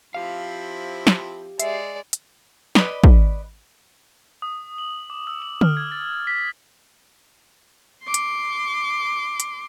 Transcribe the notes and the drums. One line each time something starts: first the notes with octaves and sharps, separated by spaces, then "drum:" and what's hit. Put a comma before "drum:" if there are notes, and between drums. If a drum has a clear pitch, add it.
F3 C4 E4 G4 F5
drum: snare
G#3 D5 E5 C7, drum: hi-hat
drum: hi-hat
B4 D5 D#5 B5, drum: snare
drum: kick
D#6
F#7
D6
E6
F#7
F6, drum: tom D3
G#6
A6
B6
C6 D6
drum: hi-hat
drum: hi-hat